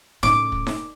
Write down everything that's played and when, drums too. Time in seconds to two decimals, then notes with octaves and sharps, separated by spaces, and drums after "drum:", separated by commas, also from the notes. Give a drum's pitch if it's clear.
0.23 A2 C#3 D6, drum: snare D#4
0.52 drum: kick
0.67 drum: snare D#4